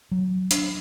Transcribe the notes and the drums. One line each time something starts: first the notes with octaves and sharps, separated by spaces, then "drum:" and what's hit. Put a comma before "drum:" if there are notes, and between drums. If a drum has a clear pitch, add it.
F#3
D4, drum: hi-hat